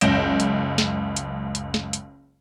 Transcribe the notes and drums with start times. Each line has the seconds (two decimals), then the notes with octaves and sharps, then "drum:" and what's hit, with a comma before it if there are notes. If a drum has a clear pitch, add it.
0.01 F#1 C#2 G6 A#6 D7 E7, drum: hi-hat
0.40 drum: hi-hat
0.78 drum: snare
1.16 drum: hi-hat
1.55 drum: hi-hat
1.74 drum: snare
1.93 drum: hi-hat